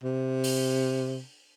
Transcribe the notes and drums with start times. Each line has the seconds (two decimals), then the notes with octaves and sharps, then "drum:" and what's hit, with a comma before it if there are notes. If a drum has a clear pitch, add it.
0.03 C3
0.44 drum: open hi-hat